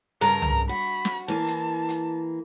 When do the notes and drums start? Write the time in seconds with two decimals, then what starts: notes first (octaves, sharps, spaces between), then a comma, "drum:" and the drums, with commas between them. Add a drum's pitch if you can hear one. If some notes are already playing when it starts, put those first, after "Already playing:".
0.21 G2 C#3 A#4 A#5, drum: hi-hat
0.42 drum: tom
0.69 F#4 B5
1.05 drum: snare
1.28 E3 A#3 A5
1.47 drum: hi-hat
1.88 drum: hi-hat